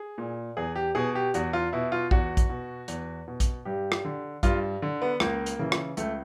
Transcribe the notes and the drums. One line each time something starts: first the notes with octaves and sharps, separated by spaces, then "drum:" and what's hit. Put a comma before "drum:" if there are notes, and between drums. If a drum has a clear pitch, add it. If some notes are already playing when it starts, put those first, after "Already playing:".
Already playing: G#4
A#2
E2 G#4
G4
B2 G#4
G4
E2 F#4, drum: hi-hat
F4
B2 E4
F4
E2 F#4, drum: kick
drum: kick, hi-hat
B2
E2, drum: hi-hat
B2
drum: kick, hi-hat
G2 G4
drum: rim click
D3
G2 F4, drum: kick, hi-hat
D3
B3
C#2 A#3, drum: rim click
drum: hi-hat
C#3 E3
drum: rim click
C#2 A3, drum: hi-hat